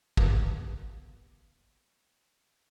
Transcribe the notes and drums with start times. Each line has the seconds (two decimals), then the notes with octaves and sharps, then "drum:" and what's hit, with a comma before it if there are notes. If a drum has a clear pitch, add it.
0.17 G3 A#3 B3, drum: kick